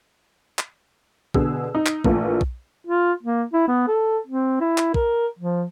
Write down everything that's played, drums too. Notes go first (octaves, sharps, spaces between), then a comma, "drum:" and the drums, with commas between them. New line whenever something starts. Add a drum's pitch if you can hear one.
drum: clap
B2 D3 G#4 E6, drum: kick
D#4
drum: clap
A#1 E3 A3 A#3, drum: kick
drum: kick
F4
A#3
E4
B3
A4
C4
E4
drum: clap
A#4, drum: kick
F3